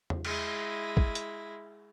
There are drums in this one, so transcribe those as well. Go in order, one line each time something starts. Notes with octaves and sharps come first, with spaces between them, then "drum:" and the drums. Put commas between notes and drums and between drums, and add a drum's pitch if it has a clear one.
drum: tom E2
G#3 E4, drum: cymbal
drum: kick
drum: hi-hat